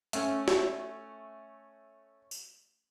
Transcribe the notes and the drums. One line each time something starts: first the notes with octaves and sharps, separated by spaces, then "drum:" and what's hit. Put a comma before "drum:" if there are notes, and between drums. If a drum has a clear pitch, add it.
A3 C#4, drum: hi-hat
drum: snare
drum: tambourine